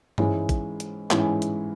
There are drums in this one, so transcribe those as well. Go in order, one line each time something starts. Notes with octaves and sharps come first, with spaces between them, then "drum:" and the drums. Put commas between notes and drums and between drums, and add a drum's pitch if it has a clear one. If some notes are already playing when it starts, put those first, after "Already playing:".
G#2 E3 G#3 C#4 E4, drum: tom G2
drum: kick A1, hi-hat
drum: hi-hat
G#2 E3 G#3 C#4 E4, drum: clap
drum: hi-hat